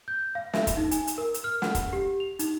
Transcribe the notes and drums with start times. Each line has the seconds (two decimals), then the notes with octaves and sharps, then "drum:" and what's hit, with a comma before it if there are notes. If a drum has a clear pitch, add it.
0.08 G6
0.35 F5
0.54 E5, drum: snare
0.67 drum: kick, hi-hat
0.77 D#4
0.91 G#5, drum: hi-hat
1.07 drum: hi-hat
1.18 A#4
1.34 drum: hi-hat
1.44 F6
1.62 F#5, drum: snare
1.75 drum: kick, hi-hat
1.93 G4
2.20 F7
2.39 D#4, drum: hi-hat